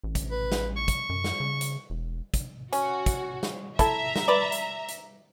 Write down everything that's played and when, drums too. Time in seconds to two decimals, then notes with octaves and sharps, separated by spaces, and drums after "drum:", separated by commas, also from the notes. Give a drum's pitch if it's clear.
0.03 A1
0.15 drum: kick, hi-hat
0.31 B4
0.52 drum: snare
0.76 C#6
0.88 drum: kick, hi-hat
1.09 F#2
1.24 drum: snare
1.40 C#3
1.61 drum: hi-hat
1.90 E1
2.34 drum: kick, hi-hat
2.73 C#4 F#4, drum: hi-hat
3.06 drum: kick, hi-hat
3.43 drum: snare
3.79 E4 A4 E5 A#5, drum: kick, hi-hat
4.16 drum: snare
4.28 B4 D5
4.52 drum: hi-hat
4.88 drum: hi-hat